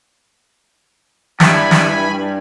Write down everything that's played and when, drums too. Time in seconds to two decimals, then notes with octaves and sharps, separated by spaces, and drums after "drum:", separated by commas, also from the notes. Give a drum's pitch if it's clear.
1.40 G2 E4 G#5 B5, drum: snare
1.71 drum: snare